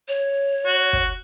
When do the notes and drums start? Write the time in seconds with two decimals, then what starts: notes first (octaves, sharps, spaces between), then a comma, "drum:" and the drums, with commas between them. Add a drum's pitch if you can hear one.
0.08 C#5
0.66 F#4
0.93 drum: kick